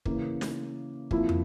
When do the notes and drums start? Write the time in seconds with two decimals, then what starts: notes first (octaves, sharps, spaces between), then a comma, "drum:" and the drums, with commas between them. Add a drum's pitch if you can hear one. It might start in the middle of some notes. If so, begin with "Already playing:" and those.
0.05 C#3 E3 A#3, drum: kick
0.41 drum: snare
1.11 C3 F3 A#3 E4, drum: kick
1.29 drum: tom